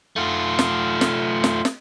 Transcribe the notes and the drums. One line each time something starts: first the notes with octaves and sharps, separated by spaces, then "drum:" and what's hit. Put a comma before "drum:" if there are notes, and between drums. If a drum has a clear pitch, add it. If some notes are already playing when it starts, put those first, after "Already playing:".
A3 F4
drum: snare
drum: snare
drum: snare
drum: snare